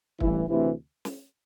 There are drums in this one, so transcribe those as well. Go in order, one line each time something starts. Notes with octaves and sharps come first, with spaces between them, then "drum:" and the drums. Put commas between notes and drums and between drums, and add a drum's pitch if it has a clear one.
A1 G2 E3 E4, drum: kick
D2 C3 E3 E4
drum: snare